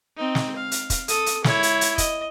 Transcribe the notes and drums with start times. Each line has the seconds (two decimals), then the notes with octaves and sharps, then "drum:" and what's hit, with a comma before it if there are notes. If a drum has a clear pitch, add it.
0.17 C4 D#4
0.35 drum: snare
0.57 F5
0.72 drum: hi-hat
0.90 drum: kick, hi-hat
1.08 A4 D#6, drum: hi-hat
1.26 drum: hi-hat
1.44 E4 C#5, drum: snare
1.63 drum: hi-hat
1.81 drum: hi-hat
1.98 D#5, drum: kick, hi-hat